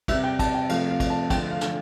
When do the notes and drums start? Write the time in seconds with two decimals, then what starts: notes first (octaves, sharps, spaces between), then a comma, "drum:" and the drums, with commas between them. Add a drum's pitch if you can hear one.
0.08 C3 G3 E5, drum: kick, cymbal
0.24 G5
0.39 A5, drum: kick, cymbal
0.54 G5
0.69 C3 F3 A3 F5, drum: cymbal
0.90 F5
1.00 drum: kick, cymbal
1.10 A5
1.30 D3 F3 A3 G5, drum: kick, cymbal
1.51 F5
1.61 drum: snare